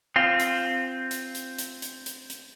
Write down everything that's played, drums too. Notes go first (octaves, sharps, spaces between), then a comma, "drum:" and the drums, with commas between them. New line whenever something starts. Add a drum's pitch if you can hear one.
C4 F4
drum: hi-hat
drum: hi-hat
drum: hi-hat
drum: hi-hat
drum: hi-hat
drum: hi-hat
drum: hi-hat